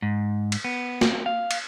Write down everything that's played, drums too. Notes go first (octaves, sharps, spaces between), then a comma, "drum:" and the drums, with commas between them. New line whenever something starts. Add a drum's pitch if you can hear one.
G#2
drum: cymbal
B3
drum: snare
F5
drum: cymbal